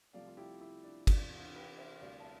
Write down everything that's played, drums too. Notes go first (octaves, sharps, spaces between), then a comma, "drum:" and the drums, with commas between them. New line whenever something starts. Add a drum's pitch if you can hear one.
C2 C3 F3 A3 D5 F5
F4
E4 G4
E4
D4
E2 C3 E3 D4 F4, drum: kick, cymbal
G4 B4
C5 E5
D2 C3 G3 D5 F5
A5
E5